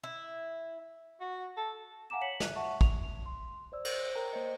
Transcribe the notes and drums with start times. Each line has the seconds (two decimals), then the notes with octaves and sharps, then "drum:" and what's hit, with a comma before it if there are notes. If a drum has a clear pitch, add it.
0.04 E4
1.20 F#4
1.57 A4
2.10 F5 F#5 G#5 A#5 D6 E7
2.21 C#5 B6 C#7 F#7
2.40 E5 F#6, drum: snare
2.56 E5 F#5 A5 C#6
2.81 F7, drum: kick
3.26 C6
3.72 C5 D5 E6
3.85 C5 F#6, drum: cymbal
4.15 A#4 G5 A#5
4.32 A#3 C5 C#5 D#5 C#7